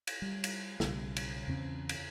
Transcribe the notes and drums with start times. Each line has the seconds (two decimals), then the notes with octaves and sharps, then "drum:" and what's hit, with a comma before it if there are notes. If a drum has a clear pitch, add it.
0.07 drum: cymbal
0.22 G3
0.44 drum: cymbal
0.80 B1 C#3 G3, drum: snare
1.16 drum: cymbal
1.48 E2 C#3 C4 C#4
1.89 drum: cymbal